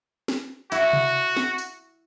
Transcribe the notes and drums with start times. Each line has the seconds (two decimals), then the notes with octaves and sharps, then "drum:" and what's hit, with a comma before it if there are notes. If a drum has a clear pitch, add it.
0.28 drum: snare
0.72 E4 F#4, drum: tambourine
0.93 drum: tom C3
1.37 drum: snare
1.58 drum: tambourine